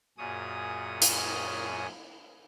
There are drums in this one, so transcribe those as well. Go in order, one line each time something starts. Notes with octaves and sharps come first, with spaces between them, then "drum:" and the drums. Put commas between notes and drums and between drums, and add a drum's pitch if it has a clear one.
F#2 A#2 G#4 C#5 D#6
drum: hi-hat